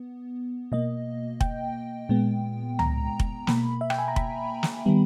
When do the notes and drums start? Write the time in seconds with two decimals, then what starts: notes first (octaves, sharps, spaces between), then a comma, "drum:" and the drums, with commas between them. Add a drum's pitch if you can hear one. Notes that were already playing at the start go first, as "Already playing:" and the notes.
Already playing: B3
0.72 B2 A#3 D#5
1.41 G5, drum: kick F1
2.09 A#2 G#3 B3
2.79 A#5, drum: tom C#2
3.20 drum: kick F1
3.47 B2 A#3 B5, drum: snare
3.81 E5
3.90 G5, drum: rim click
3.99 G#5
4.08 A#5
4.16 B5, drum: kick F1
4.63 drum: snare
4.86 D#3 G3 B3